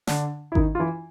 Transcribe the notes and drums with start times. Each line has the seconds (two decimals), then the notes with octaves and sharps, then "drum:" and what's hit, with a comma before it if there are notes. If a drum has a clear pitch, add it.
0.07 D3 D4, drum: snare
0.52 E4
0.55 D#3 D#4, drum: kick G#1
0.75 F4
0.80 E3 E4